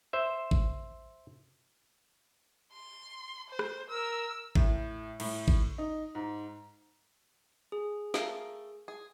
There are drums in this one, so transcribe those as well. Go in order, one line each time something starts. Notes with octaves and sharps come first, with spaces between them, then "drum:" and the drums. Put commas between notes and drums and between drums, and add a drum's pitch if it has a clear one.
C5 E5
drum: kick G#1
C6
C5
drum: rim click
A#4 E6
A2, drum: kick G#1
A2, drum: cymbal
drum: kick G#1
D#4
G#2
G#4
A3 A#4 F5, drum: snare
G#4